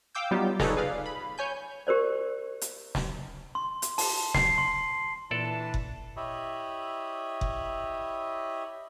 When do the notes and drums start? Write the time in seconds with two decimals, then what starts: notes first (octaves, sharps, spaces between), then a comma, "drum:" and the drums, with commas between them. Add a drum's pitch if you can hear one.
0.15 F5 G5 D6 E6 G6
0.31 F#3 G3 B3 D#4 F4 G4
0.60 D#4 G#4 A4 B4 C#5 D5, drum: snare
0.77 G#4 B4 D5 F5
1.06 B5
1.38 C#5 G#5 G6
1.87 G4 A#4 C5 D5
2.61 drum: hi-hat
2.95 drum: snare
3.55 C6
3.82 drum: hi-hat
3.98 A5, drum: open hi-hat
4.34 C7, drum: snare
4.58 C6
5.31 A#2 E3 D4 A4 B4 D5 A5
5.74 drum: kick F#1
6.17 E4 G4 C#5 D#5 E5 B5
7.41 drum: kick F#1